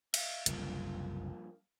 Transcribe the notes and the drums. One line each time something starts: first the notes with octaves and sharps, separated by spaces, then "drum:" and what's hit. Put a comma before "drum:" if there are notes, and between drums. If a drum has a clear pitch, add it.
E5 F5, drum: cymbal
F#1 C2 G2 D3 F3 A#3, drum: hi-hat